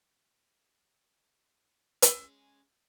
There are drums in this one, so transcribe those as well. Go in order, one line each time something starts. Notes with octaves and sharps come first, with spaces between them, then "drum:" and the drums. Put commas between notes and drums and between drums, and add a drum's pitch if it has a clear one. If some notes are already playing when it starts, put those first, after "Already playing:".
G#3 C#4, drum: hi-hat